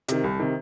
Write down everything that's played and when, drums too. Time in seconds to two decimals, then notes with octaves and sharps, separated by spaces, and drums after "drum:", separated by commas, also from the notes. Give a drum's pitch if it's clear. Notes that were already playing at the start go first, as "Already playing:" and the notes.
0.08 C3 D#3, drum: hi-hat
0.24 C2
0.39 C3 D#3